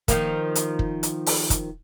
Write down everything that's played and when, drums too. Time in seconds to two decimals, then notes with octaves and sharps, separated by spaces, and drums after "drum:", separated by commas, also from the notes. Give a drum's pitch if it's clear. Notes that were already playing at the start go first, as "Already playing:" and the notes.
0.08 D#3 F3 A#3, drum: kick, hi-hat
0.55 drum: hi-hat
0.79 drum: kick
1.03 drum: hi-hat
1.26 drum: open hi-hat
1.50 drum: kick, hi-hat